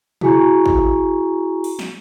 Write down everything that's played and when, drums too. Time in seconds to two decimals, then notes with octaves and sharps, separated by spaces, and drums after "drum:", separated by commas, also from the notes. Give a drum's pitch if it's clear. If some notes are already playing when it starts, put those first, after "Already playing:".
0.21 E4 F#4 G#4 G#5 A#5 C#6, drum: tom A#2
0.66 drum: kick
1.64 drum: open hi-hat
1.79 drum: snare